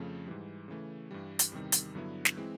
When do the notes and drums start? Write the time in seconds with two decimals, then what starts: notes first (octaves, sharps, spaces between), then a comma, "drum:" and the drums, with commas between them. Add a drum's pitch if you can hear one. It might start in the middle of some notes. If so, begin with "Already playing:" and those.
Already playing: F2 C#3 F3 A3
0.27 G#2 E3 G3
0.68 C#3 E3 A3
1.11 G2 E3 G3
1.39 drum: hi-hat
1.52 E2 C3 D#3 G3
1.72 drum: hi-hat
1.95 G2 D3 F#3 B3 E4
2.25 drum: snare
2.37 E3 G#3 C4 E4